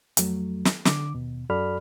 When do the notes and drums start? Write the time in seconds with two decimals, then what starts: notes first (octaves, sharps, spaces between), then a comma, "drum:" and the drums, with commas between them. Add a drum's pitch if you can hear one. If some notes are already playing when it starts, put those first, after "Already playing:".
0.17 F2 F#3 A3, drum: hi-hat
0.65 drum: snare
0.85 D3 D6, drum: snare
1.14 D#2 B2
1.50 F#2 F#4 A4 D5 B5 F6